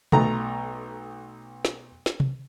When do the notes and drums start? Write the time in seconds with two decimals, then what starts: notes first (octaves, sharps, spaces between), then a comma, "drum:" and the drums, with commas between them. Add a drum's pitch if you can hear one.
0.12 B1 A3 A#5, drum: tom
1.65 drum: snare
2.06 drum: snare
2.20 drum: tom